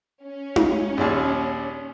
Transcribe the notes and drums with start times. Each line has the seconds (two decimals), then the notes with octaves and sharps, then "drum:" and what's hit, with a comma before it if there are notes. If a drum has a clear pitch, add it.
0.25 C#4
0.56 drum: tom D#4
0.97 A#1 D#2